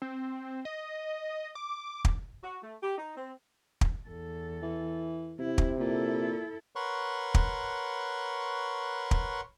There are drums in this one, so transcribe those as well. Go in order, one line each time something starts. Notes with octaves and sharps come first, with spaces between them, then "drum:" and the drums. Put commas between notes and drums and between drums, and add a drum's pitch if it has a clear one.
C4
D#5
D6
drum: kick
F#4
A3
G4
D#4
C4
drum: kick
E2 A4
E3
C3 E4
drum: kick
A#2 E4 A4
A#4 B4 C#5 F#5 C6 C#6
drum: kick
drum: kick